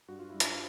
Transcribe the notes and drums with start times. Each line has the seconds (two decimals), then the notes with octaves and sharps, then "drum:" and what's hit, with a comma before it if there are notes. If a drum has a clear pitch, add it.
0.08 G2 F#4
0.19 F4
0.30 G2 E4
0.40 F4, drum: hi-hat